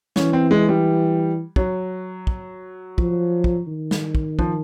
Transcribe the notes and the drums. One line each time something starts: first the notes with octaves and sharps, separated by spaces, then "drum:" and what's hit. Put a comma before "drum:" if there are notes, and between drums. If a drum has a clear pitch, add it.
E3 C#4, drum: snare
C4
G#3
G3
F#3, drum: kick
drum: kick
F3, drum: kick
drum: kick
D#3
drum: snare
drum: kick
F3, drum: kick